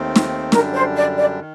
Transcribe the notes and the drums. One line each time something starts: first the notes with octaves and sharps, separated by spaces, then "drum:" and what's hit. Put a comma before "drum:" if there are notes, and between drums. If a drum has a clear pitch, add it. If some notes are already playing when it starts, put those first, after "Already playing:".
Already playing: D#2 D#3 A3 C4
drum: snare
F#2 D3 G3 D4 A#4, drum: snare
C5
D5
D5
D#3